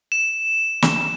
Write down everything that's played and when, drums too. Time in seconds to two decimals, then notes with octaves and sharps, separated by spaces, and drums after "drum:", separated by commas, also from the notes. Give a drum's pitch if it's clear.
0.12 E7
0.82 drum: snare